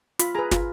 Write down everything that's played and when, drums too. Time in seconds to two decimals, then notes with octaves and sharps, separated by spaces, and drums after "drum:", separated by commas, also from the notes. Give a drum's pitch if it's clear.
0.19 F4 B5, drum: hi-hat
0.35 G#4 B4 A#5
0.51 F4, drum: snare